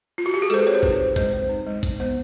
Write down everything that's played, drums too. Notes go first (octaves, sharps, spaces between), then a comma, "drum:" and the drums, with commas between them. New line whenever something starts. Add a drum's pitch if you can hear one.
F4
F#4
G4
G#4
G#3 A4 C5, drum: hi-hat
B4
C4 C#5
C5
D#4 B4, drum: kick A1
G#3
G#3 C5, drum: kick A1, hi-hat
C4
D#4
G#3
G#3, drum: kick A1, hi-hat
B3 C5